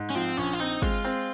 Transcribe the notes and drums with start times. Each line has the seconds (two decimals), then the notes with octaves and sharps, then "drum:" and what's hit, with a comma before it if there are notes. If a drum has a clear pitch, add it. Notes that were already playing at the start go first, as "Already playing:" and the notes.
Already playing: G#2
0.10 C#4
0.15 F3 C4
0.37 A#1 C#4
0.53 F4
0.60 C4 D#4
0.82 G#3 F4, drum: kick
1.05 C4